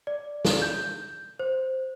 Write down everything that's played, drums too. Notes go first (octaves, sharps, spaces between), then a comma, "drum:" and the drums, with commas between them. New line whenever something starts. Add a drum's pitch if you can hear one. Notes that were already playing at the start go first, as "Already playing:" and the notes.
D5
drum: snare
G6
C5